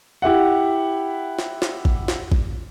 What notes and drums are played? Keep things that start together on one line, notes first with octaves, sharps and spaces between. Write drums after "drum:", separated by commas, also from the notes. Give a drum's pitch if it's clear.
E4 G4 E5 F#5
drum: snare
drum: snare
drum: kick A1
drum: snare
drum: kick A1